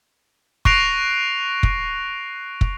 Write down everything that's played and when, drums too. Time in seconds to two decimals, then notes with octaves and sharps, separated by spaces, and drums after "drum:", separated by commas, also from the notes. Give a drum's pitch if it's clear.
0.65 C#6 F#6 A#6 C7 D7 F7, drum: kick
1.63 drum: kick
2.61 drum: kick